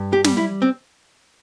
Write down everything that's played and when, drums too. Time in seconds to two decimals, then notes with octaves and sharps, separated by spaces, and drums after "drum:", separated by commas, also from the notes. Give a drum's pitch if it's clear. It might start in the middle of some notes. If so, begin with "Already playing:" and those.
Already playing: G2
0.13 G4
0.24 G3, drum: snare
0.37 E4
0.62 C4